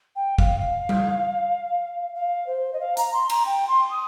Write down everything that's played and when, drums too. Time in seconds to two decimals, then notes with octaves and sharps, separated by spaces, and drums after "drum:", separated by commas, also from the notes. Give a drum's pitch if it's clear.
0.16 G5
0.38 F5, drum: kick
0.60 F5
0.89 drum: tom G3
2.15 F5
2.46 C5
2.73 D#5
2.80 F5
2.97 A#5, drum: hi-hat
3.13 C6
3.30 A#5, drum: cymbal
3.45 G5
3.68 C6
3.90 D#6